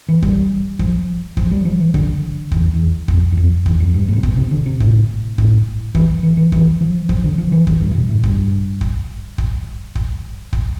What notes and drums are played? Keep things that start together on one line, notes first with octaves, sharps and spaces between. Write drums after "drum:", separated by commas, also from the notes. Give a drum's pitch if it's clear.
E3
G3, drum: kick
F3, drum: kick
F3, drum: kick
G3
F3
E3
D3, drum: kick
E2, drum: kick
E2
F2, drum: kick
E2
F2
E2, drum: kick
F2
G2
A2
C3
B2, drum: kick
C3
D3
C3
A2, drum: kick
A2, drum: kick
E3, drum: kick
E3
E3
E3, drum: kick
F3
F3, drum: kick
D3
F3
E3
E3, drum: kick
G2
A2
B2
A2
G2, drum: kick
drum: kick
drum: kick
drum: kick
drum: kick